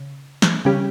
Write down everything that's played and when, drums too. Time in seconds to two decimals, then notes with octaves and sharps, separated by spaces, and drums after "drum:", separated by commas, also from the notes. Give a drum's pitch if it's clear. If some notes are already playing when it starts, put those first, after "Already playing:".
Already playing: C#3
0.42 drum: snare
0.65 C#3 G3 C#4 G4